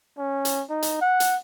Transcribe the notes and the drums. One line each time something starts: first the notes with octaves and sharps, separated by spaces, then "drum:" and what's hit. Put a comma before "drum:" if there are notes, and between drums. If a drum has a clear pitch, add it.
C#4
drum: hi-hat
D#4
drum: hi-hat
F#5
drum: hi-hat